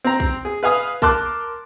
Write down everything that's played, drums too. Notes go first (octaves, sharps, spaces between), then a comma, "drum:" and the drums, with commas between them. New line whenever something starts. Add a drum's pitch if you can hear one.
C4 A#5
drum: kick B1
G#4
B4 F5 G#5 D#6
A#4 A5 C6 D6 F#6, drum: kick B1